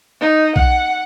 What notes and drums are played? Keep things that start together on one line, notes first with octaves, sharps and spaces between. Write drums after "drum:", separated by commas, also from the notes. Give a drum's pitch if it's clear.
D#4
F#5, drum: kick B1